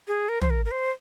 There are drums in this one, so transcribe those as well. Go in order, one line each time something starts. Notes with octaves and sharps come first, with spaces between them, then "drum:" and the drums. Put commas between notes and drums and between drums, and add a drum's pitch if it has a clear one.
G#4
A#4
C5, drum: tom
A#4
A#4
C5